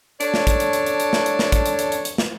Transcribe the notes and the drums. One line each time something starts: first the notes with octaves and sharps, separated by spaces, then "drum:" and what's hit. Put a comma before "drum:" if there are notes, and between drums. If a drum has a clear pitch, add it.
D4 A4 C#5, drum: hi-hat
drum: snare
drum: kick, hi-hat
drum: hi-hat
drum: hi-hat
drum: hi-hat
drum: hi-hat
drum: snare
drum: hi-hat
drum: snare
drum: kick, hi-hat
drum: hi-hat
drum: hi-hat
drum: hi-hat
drum: hi-hat
drum: snare